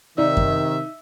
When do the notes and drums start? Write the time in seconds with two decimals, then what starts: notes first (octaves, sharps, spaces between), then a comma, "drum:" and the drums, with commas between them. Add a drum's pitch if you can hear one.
0.18 C3 D#3 D#4 D5 E5
0.37 drum: kick F#2